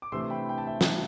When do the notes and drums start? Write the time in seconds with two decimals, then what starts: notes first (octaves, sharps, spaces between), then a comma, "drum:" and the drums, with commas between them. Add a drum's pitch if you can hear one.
0.02 D6
0.12 C3 E3 A3 D4 C6 E6
0.30 G5 B5
0.49 G5
0.58 A5
0.67 E5 G5
0.81 drum: snare